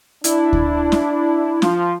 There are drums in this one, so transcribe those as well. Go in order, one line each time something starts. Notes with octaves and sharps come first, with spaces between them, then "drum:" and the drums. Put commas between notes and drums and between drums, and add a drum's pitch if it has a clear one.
D4 E4, drum: hi-hat
drum: kick D2
drum: snare
F3 F4, drum: snare